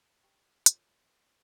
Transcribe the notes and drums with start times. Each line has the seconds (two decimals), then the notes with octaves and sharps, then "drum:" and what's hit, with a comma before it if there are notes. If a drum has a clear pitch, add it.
0.23 G4 G5
0.66 F4 A#4 C#5, drum: hi-hat